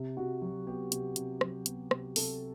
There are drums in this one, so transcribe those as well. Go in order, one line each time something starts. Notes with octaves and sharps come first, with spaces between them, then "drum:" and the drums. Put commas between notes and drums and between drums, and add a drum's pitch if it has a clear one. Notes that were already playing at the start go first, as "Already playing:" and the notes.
Already playing: C3
C3 F#4
F#3 G4
B3 G4
C3, drum: hi-hat
C3, drum: hi-hat
F#3, drum: rim click
B3, drum: hi-hat
C3, drum: rim click
C3 A4, drum: open hi-hat